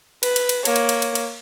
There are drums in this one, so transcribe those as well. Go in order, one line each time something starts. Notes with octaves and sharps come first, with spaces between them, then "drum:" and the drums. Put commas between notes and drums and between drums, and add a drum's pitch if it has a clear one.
B4, drum: cymbal
drum: cymbal
drum: cymbal
A#3 C#5, drum: cymbal
drum: cymbal
drum: cymbal
drum: cymbal
drum: cymbal